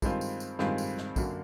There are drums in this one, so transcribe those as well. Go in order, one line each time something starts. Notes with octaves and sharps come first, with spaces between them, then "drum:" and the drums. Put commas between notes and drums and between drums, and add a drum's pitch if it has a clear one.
G2 D#3 G#3 C4 F4, drum: kick, tambourine
drum: tambourine
drum: tambourine
G2 D#3 G#3 C4 F4, drum: snare
drum: tambourine
drum: snare
F#2 D3 F#3 A#3, drum: kick, tambourine